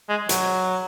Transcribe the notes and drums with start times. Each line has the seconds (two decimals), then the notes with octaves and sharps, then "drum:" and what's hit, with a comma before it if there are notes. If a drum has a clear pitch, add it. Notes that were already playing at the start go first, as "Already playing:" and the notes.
0.10 G#3
0.29 F#3, drum: hi-hat